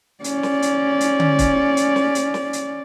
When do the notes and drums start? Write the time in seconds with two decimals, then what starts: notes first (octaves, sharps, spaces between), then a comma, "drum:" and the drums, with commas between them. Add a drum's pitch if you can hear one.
0.24 C#4 D5, drum: hi-hat
0.43 drum: snare
0.62 drum: hi-hat
1.00 drum: hi-hat
1.20 drum: tom D3
1.39 drum: kick, hi-hat
1.77 drum: hi-hat
1.96 drum: snare
2.15 drum: hi-hat
2.34 drum: snare
2.53 drum: hi-hat